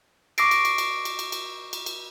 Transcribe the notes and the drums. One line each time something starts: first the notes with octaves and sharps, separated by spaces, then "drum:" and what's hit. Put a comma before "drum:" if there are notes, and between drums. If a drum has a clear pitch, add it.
C#6 D6 E6 A#6 C7 D7, drum: cymbal
drum: cymbal
drum: cymbal
drum: cymbal
drum: cymbal
drum: cymbal
drum: cymbal
drum: cymbal
drum: cymbal